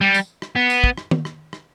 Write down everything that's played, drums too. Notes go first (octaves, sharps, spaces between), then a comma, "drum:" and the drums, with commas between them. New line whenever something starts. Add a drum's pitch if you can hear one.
G3
drum: tambourine
drum: rim click
B3
drum: tambourine
drum: kick
drum: rim click
drum: tom D#3
drum: rim click
drum: rim click